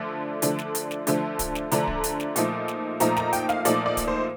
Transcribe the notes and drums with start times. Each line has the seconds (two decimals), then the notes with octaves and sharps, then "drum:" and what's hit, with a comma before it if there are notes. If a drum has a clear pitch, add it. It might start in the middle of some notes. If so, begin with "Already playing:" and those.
Already playing: D3 F3 A3 D4
0.42 D3 F3 A3 D4, drum: hi-hat
0.59 drum: snare
0.75 drum: hi-hat
0.91 drum: snare
1.07 D3 F3 A3 D4, drum: hi-hat
1.39 drum: kick D1, hi-hat
1.55 drum: snare
1.72 D3 F3 A3 D4 A#5, drum: hi-hat
1.87 drum: kick D1
2.04 drum: hi-hat
2.20 drum: snare
2.36 A#2 F3 A3 D#4, drum: hi-hat
2.68 drum: snare
3.00 A#2 F3 A3 D#4 A#5, drum: hi-hat
3.17 A#5, drum: snare
3.33 G5, drum: hi-hat
3.49 F5, drum: snare
3.65 A#2 F3 A3 D#4 D5, drum: hi-hat
3.86 D5
3.97 drum: kick D1, hi-hat
4.08 C5